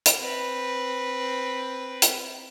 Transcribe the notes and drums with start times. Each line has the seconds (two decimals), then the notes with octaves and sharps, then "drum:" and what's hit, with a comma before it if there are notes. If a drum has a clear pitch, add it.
0.06 drum: hi-hat
0.19 C4 B4
2.02 drum: hi-hat